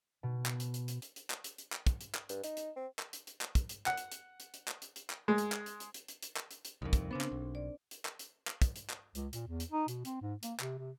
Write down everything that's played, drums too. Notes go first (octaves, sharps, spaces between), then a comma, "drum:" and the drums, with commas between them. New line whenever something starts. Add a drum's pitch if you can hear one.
B2
drum: clap
drum: hi-hat
drum: hi-hat
drum: hi-hat
drum: hi-hat
drum: hi-hat
drum: clap
drum: hi-hat
drum: hi-hat
drum: clap
drum: kick, hi-hat
drum: hi-hat
drum: clap
G2, drum: hi-hat
D#4, drum: hi-hat
drum: hi-hat
C4
drum: clap
drum: hi-hat
drum: hi-hat
drum: clap
drum: kick, hi-hat
drum: hi-hat
F#5, drum: clap
drum: hi-hat
drum: hi-hat
drum: hi-hat
drum: hi-hat
drum: clap
drum: hi-hat
drum: hi-hat
drum: clap
G#3
drum: hi-hat
drum: clap
drum: hi-hat
drum: hi-hat
drum: hi-hat
drum: hi-hat
drum: hi-hat
drum: clap
drum: hi-hat
drum: hi-hat
C2 F2 D#4 A#4
drum: kick, hi-hat
C#3 B3 C4 D4 C5
drum: clap
B1
D5
drum: hi-hat
drum: clap
drum: hi-hat
drum: clap
drum: kick, hi-hat
drum: hi-hat
drum: clap
C#2, drum: hi-hat
A#2, drum: hi-hat
E2
drum: hi-hat
D#4
B2, drum: hi-hat
C4, drum: hi-hat
G#2
A#3, drum: hi-hat
C3, drum: clap
C3